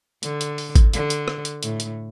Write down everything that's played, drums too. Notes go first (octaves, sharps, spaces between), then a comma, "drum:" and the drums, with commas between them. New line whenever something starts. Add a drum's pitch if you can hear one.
D3, drum: hi-hat
drum: hi-hat
drum: open hi-hat
drum: kick, hi-hat
D3, drum: hi-hat
drum: hi-hat
drum: rim click
drum: hi-hat
A2, drum: hi-hat
drum: hi-hat